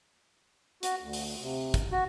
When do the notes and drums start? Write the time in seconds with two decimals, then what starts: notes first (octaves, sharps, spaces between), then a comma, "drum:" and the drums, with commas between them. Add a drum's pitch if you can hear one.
0.83 F#4, drum: hi-hat
1.01 D2
1.13 drum: open hi-hat
1.41 C3
1.74 drum: kick, hi-hat
1.92 F#4